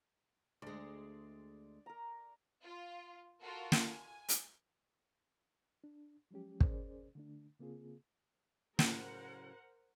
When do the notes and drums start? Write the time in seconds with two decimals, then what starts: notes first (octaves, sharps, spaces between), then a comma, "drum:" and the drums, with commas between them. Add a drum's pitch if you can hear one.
0.62 D2 G#3 D5
1.86 A#4 A#5
2.64 F4
3.42 F4 F#4 A4 A#4
3.72 drum: snare
3.88 G#5
4.29 drum: hi-hat
5.84 D4
6.31 F3 F#3 G#3 C#4 G4
6.60 C#4 G#4 A#4 C5 D5, drum: kick
7.15 D3 A3 D4
7.59 C#3 A#3 C4 F4 G#4
8.79 A2 C#3 F#3 A#4 C5 F#5, drum: snare